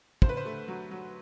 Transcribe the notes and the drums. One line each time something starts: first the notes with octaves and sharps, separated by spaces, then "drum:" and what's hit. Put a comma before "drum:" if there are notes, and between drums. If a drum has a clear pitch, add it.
D2 C5, drum: kick
B4
C5
A3
F#3
F#3